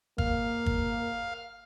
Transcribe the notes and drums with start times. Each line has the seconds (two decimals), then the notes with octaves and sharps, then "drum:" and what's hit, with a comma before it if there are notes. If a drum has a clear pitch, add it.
0.18 A#3 F5, drum: kick G1
0.66 drum: kick G1